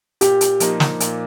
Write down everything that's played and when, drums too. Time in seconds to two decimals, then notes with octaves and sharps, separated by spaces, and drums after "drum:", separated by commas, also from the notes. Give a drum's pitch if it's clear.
0.21 A#2 G4, drum: hi-hat
0.41 drum: hi-hat
0.60 F3 A#3 D#4, drum: hi-hat
0.80 drum: snare
1.00 A#2, drum: hi-hat